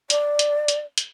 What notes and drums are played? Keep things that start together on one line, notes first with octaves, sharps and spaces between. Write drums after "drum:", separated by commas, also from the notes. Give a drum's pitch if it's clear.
D5, drum: hi-hat
drum: hi-hat
drum: hi-hat
drum: hi-hat